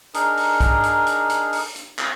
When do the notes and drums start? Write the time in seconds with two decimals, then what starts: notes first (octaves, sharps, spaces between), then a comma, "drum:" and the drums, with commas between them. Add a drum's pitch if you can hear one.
0.14 D4 D#4 G#4 A#4, drum: hi-hat
0.37 drum: open hi-hat
0.60 drum: kick B1, hi-hat
0.83 drum: hi-hat
1.07 drum: hi-hat
1.30 drum: hi-hat
1.53 drum: open hi-hat
1.76 drum: hi-hat
1.99 drum: clap